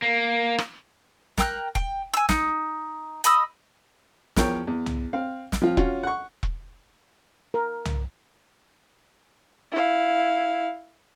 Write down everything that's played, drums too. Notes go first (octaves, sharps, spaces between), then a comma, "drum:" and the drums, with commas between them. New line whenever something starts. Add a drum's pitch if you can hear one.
A#3
drum: rim click
A#4 G5 E6 F#6, drum: snare
G5, drum: kick E1
G#5 E6
D#4, drum: snare
D#5 B5 D#6 E6, drum: hi-hat
E2 F3 A#4 C#5 G5, drum: snare
E2
drum: tom C2
C4 F5
drum: snare
F3 C4 F4
C#4 F4 F#4, drum: kick E1
F#5 C#6
drum: kick E1
A#4
drum: tom C2
E4 F5